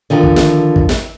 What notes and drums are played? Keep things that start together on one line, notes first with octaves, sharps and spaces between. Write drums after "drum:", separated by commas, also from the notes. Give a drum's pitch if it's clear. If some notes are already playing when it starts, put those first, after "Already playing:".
D3 D#3 F3
drum: kick
drum: snare
drum: kick
drum: snare